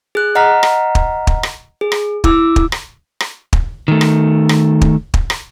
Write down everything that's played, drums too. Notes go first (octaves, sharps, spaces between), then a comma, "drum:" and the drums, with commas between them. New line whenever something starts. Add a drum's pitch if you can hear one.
G#4 F#6
D#5 F#5 A#5 F6 B6
drum: rim click
drum: kick
drum: kick
drum: rim click
G#4
drum: rim click
E4 D6 E6, drum: kick
drum: kick
drum: rim click
drum: rim click
drum: kick
D#3 A3
drum: rim click
drum: rim click
drum: kick
drum: kick
drum: rim click